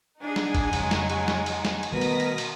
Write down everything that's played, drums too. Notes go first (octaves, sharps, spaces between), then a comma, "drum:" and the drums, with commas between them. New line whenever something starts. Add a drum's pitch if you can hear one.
D4 D#4 G#4 F#5 G#5
drum: snare
drum: kick, cymbal
F2 C#3 F#3 G#3, drum: cymbal
drum: snare
drum: cymbal
drum: snare
drum: cymbal
drum: snare
drum: cymbal
B2 D#3 G3 A3 A#4 D#6 A#6 B6
drum: cymbal
drum: cymbal
drum: cymbal